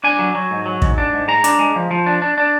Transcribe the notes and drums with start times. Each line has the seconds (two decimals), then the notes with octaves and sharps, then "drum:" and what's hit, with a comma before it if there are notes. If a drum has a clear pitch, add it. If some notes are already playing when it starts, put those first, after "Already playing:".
0.04 D4 G#5
0.19 F#3
0.35 F#3
0.51 G#2
0.66 F#3
0.82 G#2, drum: kick
0.98 D4
1.13 G#2
1.28 G#3 A#5
1.44 D4, drum: hi-hat
1.59 G#3
1.76 F3
1.91 F3
2.06 D4
2.22 D4
2.38 D4